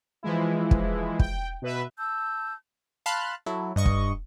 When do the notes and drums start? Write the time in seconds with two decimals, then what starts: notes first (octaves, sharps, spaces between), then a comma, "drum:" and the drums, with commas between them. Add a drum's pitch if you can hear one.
0.23 E3 F3 G#3 E4
0.71 drum: kick
1.19 G5, drum: kick
1.62 B2 B4 E5
1.97 A5 E6 G6
3.06 F5 A5 B5 C6 F6 F#6
3.46 F#3 E4 A4
3.76 G2 D#5 C#6
3.86 drum: kick